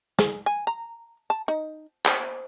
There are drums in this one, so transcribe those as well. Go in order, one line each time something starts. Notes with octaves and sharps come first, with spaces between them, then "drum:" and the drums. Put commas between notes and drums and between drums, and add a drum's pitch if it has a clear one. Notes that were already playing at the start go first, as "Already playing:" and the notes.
G#4, drum: snare
G#5
A#5
A5
D#4
C5, drum: clap